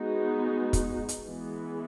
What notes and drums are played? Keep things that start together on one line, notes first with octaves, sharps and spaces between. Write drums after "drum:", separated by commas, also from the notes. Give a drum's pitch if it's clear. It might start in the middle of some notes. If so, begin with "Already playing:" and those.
Already playing: G#3 B3 D#4 F#4
drum: kick, hi-hat
drum: hi-hat
E3 G#3 B3